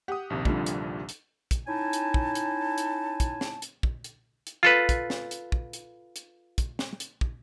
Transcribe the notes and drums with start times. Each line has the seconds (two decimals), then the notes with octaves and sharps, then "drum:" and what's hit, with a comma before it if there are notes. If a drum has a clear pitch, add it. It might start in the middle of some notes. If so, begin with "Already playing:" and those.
0.08 G4 F#5 D#6
0.30 A#1 D#2 C3
0.45 D3 F3 G3, drum: kick
0.66 drum: hi-hat
1.09 drum: hi-hat
1.51 drum: kick, hi-hat
1.67 C#4 D#4 E4 G#5 A5
1.93 drum: hi-hat
2.14 drum: kick
2.35 drum: hi-hat
2.78 drum: hi-hat
3.20 drum: kick, hi-hat
3.41 drum: snare
3.62 drum: hi-hat
3.83 drum: kick
4.04 drum: hi-hat
4.47 drum: hi-hat
4.63 F4 A4 B4
4.89 drum: kick, hi-hat
5.10 drum: snare
5.31 drum: hi-hat
5.52 drum: kick
5.73 drum: hi-hat
6.16 drum: hi-hat
6.58 drum: kick, hi-hat
6.79 drum: snare
7.00 drum: hi-hat
7.21 drum: kick